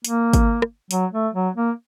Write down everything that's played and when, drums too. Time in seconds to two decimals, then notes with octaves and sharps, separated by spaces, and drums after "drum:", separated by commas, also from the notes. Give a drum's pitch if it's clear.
0.05 A#3, drum: hi-hat
0.33 drum: kick G#1, hi-hat
0.62 drum: rim click
0.91 F#3, drum: hi-hat
1.13 A3
1.34 F#3
1.56 A#3